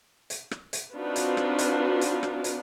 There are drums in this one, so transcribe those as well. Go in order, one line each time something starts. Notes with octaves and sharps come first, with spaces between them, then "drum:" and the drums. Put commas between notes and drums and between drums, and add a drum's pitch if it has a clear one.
drum: hi-hat
drum: rim click
drum: hi-hat
C4 D4 D#4 F4 F#4 B4
drum: hi-hat
drum: rim click
drum: hi-hat
drum: hi-hat
drum: rim click
drum: hi-hat